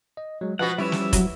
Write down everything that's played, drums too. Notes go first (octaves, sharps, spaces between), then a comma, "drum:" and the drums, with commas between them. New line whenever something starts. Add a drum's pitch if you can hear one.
D#5
F#3 G#3
B2 F3 B3 F#4 F#5
G3 C#4 E4 E5
drum: snare
F#3, drum: kick F1, hi-hat